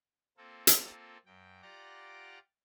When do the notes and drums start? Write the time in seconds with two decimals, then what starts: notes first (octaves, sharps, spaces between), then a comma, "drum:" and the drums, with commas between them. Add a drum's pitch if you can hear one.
0.37 A#3 C4 F4 A4
0.67 drum: hi-hat
1.26 F#2 G5
1.62 F4 G4 D5 F#5 A#5 D6